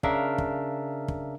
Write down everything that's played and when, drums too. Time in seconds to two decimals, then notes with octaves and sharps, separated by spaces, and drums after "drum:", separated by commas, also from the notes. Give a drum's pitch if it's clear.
0.03 C#3 D4 A#4 E5 F5, drum: kick
0.38 drum: kick
1.08 drum: kick